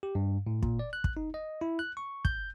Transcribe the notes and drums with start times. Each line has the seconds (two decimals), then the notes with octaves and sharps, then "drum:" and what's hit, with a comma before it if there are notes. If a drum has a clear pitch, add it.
0.03 G4
0.15 G2
0.47 A2
0.63 A#2, drum: kick
0.79 D5
0.93 F#6
1.04 drum: kick
1.17 D#4
1.34 D#5
1.61 E4
1.79 F#6
1.97 C#6
2.25 G6, drum: kick